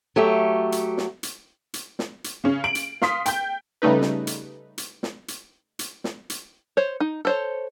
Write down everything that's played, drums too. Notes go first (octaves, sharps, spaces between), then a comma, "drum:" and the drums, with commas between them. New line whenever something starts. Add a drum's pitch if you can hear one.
F#3 A3 G4
drum: hi-hat
drum: snare
drum: hi-hat
drum: hi-hat
drum: snare
drum: hi-hat
C#3 C#4
D7 F#7
drum: hi-hat
F5 C6 D#6 B6, drum: snare
G5 G6, drum: hi-hat
C#3 G3 A3 D#4 B4
drum: snare
drum: hi-hat
drum: hi-hat
drum: snare
drum: hi-hat
drum: hi-hat
drum: snare
drum: hi-hat
C5 C#5
D#4
A4 C5 C#5